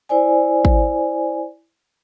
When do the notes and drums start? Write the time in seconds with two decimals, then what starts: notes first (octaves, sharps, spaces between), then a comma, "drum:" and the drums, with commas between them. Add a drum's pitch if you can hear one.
0.09 E4 C5 D5 G#5
0.65 drum: kick